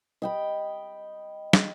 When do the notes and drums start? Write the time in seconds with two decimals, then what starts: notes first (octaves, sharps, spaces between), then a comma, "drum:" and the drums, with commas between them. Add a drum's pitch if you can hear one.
0.22 D#5 G5 B5
1.53 drum: snare